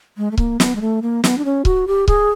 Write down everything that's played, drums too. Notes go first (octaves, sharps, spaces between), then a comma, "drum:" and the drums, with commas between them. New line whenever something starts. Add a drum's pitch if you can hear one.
G#3
A3
A#3, drum: kick C#1
B3, drum: snare
G#3
A3
A#3
B3, drum: snare
D4
C#4
F#4, drum: kick C#1
G4
G#4, drum: kick C#1